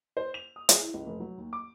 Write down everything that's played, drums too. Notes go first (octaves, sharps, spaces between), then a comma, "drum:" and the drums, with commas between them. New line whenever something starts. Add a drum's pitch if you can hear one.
C5
F7
D#6
G#4, drum: hi-hat
E4
C#2
F1
F#3
D#2
D6